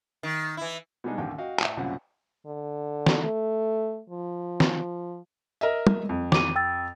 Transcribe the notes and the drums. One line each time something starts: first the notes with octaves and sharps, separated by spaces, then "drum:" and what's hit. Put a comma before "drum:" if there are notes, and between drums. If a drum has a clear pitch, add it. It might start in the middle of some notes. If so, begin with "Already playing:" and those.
D#3
E3 E4
B2 G3 G#3 D4 D#4
A1 D#2 D3 G5
F#4 D#5 F5 G5
A2 E5, drum: clap
C2 F#2 A#2 C#3 F#5
D3
drum: snare
A3
F3
drum: snare
A#4 D#5 E5
drum: tom
F2
D6 D#7, drum: snare
G5 E6 A6